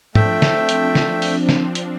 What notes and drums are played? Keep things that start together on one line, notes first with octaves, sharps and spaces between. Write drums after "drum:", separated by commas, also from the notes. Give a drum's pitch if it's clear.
F3 A3 C4 D4 E5 G5, drum: tom G#2
drum: snare
drum: hi-hat
drum: snare
drum: open hi-hat
drum: snare
drum: hi-hat